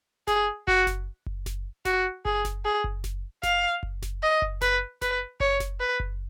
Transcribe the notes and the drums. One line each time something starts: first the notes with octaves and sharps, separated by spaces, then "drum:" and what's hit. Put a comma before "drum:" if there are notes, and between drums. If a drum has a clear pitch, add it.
G#4, drum: snare F#1
F#4, drum: kick F#1
drum: snare F#1
drum: kick F#1
drum: snare F#1
F#4, drum: snare F#1
G#4, drum: kick F#1
drum: snare F#1
G#4
drum: kick F#1
drum: snare F#1
F5, drum: snare F#1
drum: kick F#1
drum: snare F#1
D#5
drum: kick F#1
B4, drum: snare F#1
B4, drum: snare F#1
C#5, drum: kick F#1
drum: snare F#1
B4
drum: kick F#1